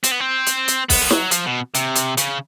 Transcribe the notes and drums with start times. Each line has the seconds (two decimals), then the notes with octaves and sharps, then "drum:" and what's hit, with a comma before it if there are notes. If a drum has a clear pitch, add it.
0.04 C4, drum: hi-hat
0.12 B3
0.20 C4
0.47 drum: hi-hat
0.68 drum: hi-hat
0.90 B3, drum: kick, open hi-hat
1.02 F3
1.10 F#3, drum: snare
1.31 F3, drum: hi-hat
1.46 B2
1.75 C3, drum: hi-hat
1.96 drum: hi-hat
2.17 C#3, drum: hi-hat